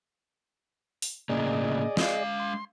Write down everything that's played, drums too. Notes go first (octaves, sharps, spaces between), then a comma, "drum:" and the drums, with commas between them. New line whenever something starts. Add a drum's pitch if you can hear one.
drum: open hi-hat
A2 C#3 A#3 G#4 D5 D#5
G#3 F5, drum: snare
C6